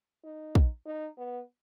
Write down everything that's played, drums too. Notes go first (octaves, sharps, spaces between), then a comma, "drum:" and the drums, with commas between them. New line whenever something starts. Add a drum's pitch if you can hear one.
D#4
drum: kick
D#4
B3